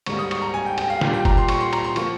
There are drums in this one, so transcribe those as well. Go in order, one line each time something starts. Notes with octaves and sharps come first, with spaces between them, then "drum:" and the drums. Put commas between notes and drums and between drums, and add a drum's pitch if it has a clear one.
G#2 G3 A#3 C#6, drum: cymbal
D#6
C#6, drum: cymbal
A#5
G#5
G5
G5, drum: cymbal
F5
A#2 G3 A#3, drum: snare
G5
A#5, drum: kick F#1, cymbal
C6
C#6, drum: cymbal
C6
A#5, drum: cymbal
C6
F3 A#3 C#6, drum: cymbal